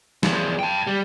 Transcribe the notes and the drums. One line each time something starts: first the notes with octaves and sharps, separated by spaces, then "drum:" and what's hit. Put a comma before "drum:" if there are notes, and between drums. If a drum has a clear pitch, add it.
E2 F3, drum: snare
G5 A5
G3